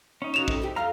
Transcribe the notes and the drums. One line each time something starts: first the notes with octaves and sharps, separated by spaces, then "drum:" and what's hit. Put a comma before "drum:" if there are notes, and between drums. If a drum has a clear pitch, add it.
C#4 D#4
C#3 F#4 C#5 E7 F7
F2 C3 D#5, drum: kick
C3 D#4 G4
F2 F4 F5 A#5 F6